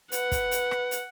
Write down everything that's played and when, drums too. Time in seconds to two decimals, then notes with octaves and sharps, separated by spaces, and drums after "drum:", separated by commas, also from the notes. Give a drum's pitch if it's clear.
0.12 B4 F#5, drum: hi-hat
0.32 drum: kick, hi-hat
0.51 drum: hi-hat
0.71 drum: rim click
0.91 drum: hi-hat